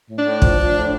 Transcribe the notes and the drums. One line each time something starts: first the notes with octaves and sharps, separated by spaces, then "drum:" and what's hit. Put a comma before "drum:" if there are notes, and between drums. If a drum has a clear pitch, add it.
A2
D4
A2
F3, drum: kick
F3
A2